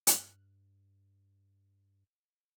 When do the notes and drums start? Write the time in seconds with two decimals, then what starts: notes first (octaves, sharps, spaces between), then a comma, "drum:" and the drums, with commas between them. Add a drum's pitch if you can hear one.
0.07 G2 F6 F#6, drum: hi-hat